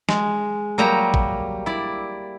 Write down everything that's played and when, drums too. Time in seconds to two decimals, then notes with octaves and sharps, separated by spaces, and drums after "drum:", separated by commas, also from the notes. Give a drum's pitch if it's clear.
0.09 G#3, drum: snare
0.78 F#3 G3 A#3 G5 A#5
1.14 drum: kick G#1
1.66 E4 D5